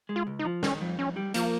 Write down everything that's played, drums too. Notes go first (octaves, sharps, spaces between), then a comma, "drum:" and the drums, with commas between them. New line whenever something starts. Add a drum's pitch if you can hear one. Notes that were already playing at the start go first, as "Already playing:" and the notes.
G#3
F4
C#2
D#4
F3
D#3 C#4, drum: snare
F2
F2 C#4
G3
F3 A#3, drum: hi-hat